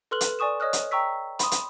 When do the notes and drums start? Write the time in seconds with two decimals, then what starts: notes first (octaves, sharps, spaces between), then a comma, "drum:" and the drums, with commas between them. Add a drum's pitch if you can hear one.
0.11 A4 B4 C6 F6 F#6 F#7
0.21 drum: hi-hat
0.39 D5 G#5 C#6 D#6 E7
0.60 C#5 D#5 D#6 F6 F#6
0.73 drum: hi-hat
0.91 G5 A#5 C#6 E6 B6
1.39 B5 C6 D#6, drum: hi-hat
1.51 drum: hi-hat